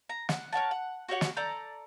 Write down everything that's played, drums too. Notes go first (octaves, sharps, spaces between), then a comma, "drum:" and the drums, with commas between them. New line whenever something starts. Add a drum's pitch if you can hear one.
A#5
F#5, drum: snare
A#4 C#5 F#5 A5
F#5
F#4 G4 C#5 F#5
drum: snare
A4 D5 A#5 G6